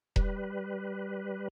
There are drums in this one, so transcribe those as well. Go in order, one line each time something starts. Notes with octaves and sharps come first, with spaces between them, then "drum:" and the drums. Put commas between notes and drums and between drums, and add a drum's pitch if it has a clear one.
G3 B4, drum: kick E1